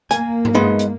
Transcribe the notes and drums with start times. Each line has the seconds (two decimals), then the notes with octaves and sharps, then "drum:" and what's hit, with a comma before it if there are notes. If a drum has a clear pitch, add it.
0.11 A#3 G#5, drum: hi-hat
0.45 drum: tom G2
0.55 G#3 B3 D#4
0.79 drum: hi-hat